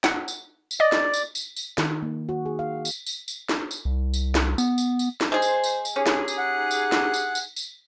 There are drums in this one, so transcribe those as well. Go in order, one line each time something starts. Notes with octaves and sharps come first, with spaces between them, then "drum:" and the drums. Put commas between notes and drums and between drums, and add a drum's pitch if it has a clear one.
F#5, drum: snare
drum: tambourine
drum: tambourine
D5 D#5
drum: snare
drum: tambourine
drum: tambourine
drum: tambourine
D#3, drum: snare
A#3
F#4
G#4
F5
drum: tambourine
drum: tambourine
drum: tambourine
drum: snare
drum: tambourine
C2
drum: tambourine
drum: snare
B3, drum: tambourine
drum: tambourine
drum: tambourine
drum: snare
G#3 G#4 C5
drum: tambourine
drum: tambourine
drum: tambourine
C#4 D#4 G4 G#4
drum: snare
drum: tambourine
F#5
drum: tambourine
drum: snare
drum: tambourine
drum: tambourine
drum: tambourine